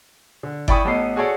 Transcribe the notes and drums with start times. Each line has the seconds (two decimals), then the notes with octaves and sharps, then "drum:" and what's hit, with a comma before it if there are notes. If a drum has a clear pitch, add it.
0.43 D3
0.68 E4 D5 G5 B5 C#6 D#6, drum: kick G1
0.85 A1 B3 A4 D#5 D6 C7
1.16 F#4 G#4 A4 C#5 D5